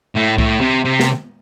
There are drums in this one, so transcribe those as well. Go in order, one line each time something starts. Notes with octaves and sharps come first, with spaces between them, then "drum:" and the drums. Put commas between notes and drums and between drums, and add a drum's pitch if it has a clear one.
A2
A2, drum: kick C2
C3
C3
drum: snare